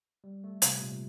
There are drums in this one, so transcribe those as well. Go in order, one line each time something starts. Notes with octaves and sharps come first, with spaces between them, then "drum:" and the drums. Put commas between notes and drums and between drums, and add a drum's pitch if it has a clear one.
G3
A3
C3, drum: hi-hat
A#2